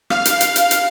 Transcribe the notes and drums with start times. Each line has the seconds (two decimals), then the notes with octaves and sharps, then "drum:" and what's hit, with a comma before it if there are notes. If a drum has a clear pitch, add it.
0.10 F5, drum: rim click
0.25 drum: hi-hat
0.41 drum: hi-hat
0.56 drum: hi-hat
0.71 drum: hi-hat